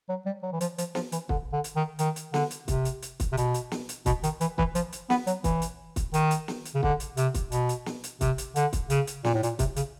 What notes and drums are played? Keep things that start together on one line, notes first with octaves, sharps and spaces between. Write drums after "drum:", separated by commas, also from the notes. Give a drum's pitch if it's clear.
F#3
G3
F#3
E3
F3, drum: hi-hat
F3, drum: hi-hat
F3, drum: snare
E3, drum: hi-hat
D3, drum: kick
D3
drum: hi-hat
D#3
D#3, drum: hi-hat
drum: hi-hat
D3, drum: snare
drum: hi-hat
C3, drum: kick, hi-hat
drum: hi-hat
drum: hi-hat
drum: kick, hi-hat
C3
B2, drum: hi-hat
drum: hi-hat
drum: snare
drum: hi-hat
B2, drum: kick, hi-hat
D#3, drum: hi-hat
E3, drum: hi-hat
E3, drum: kick
F3, drum: hi-hat
drum: hi-hat
B3, drum: snare
F#3, drum: hi-hat
E3, drum: kick, hi-hat
drum: hi-hat
drum: kick, hi-hat
D#3, drum: hi-hat
drum: hi-hat
drum: snare
drum: hi-hat
C#3
D3, drum: kick
drum: hi-hat
C3, drum: hi-hat
drum: kick, hi-hat
B2, drum: hi-hat
drum: hi-hat
drum: snare
drum: hi-hat
C3, drum: kick, hi-hat
drum: hi-hat
D3, drum: hi-hat
drum: kick, hi-hat
C#3, drum: hi-hat
drum: hi-hat
A#2, drum: snare
A2
A#2, drum: hi-hat
C3, drum: kick, hi-hat
C#3, drum: hi-hat